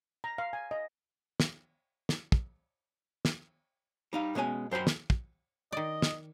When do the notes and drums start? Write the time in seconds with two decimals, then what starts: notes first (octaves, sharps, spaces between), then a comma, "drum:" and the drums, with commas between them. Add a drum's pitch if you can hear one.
0.24 A#5
0.38 F5
0.53 G#5
0.71 D#5
1.40 drum: snare
2.09 drum: snare
2.32 drum: kick
3.25 drum: snare
4.13 G3 D#4 F5
4.35 B2 G#3 C#4 C5 G#5
4.71 F#2 C5 G5 B5 C6
4.87 drum: snare
5.10 drum: kick
5.72 D#3 D5 D#5
6.02 drum: snare